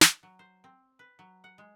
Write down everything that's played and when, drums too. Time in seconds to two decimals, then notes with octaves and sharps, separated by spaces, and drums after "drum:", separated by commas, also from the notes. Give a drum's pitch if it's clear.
0.01 drum: snare
0.23 F#3
0.39 C5
0.64 C4
0.99 B4
1.19 F#3
1.44 F#5
1.58 G#3